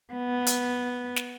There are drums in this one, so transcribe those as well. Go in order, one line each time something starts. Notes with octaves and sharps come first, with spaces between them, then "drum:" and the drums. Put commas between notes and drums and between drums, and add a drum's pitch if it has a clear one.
B3
drum: hi-hat
drum: snare